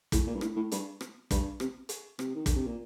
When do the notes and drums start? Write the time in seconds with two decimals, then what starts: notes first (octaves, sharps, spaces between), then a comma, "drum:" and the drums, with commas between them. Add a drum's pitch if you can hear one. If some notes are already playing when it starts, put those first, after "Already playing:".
0.12 A2, drum: kick, hi-hat
0.27 A#2
0.34 G2
0.41 A2, drum: rim click
0.56 A2
0.71 G2, drum: hi-hat
1.01 drum: rim click
1.31 G2, drum: kick, hi-hat
1.60 C3, drum: rim click
1.89 drum: hi-hat
2.19 C3, drum: rim click
2.35 D#3
2.46 D3, drum: kick, hi-hat
2.55 C3
2.66 A#2